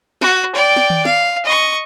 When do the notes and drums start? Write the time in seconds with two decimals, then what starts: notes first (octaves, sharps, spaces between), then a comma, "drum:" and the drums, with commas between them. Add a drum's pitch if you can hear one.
0.21 F#4, drum: snare
0.55 D5 G5
0.76 drum: snare
0.90 drum: tom D#3
1.05 F5, drum: snare
1.45 D#5 C#6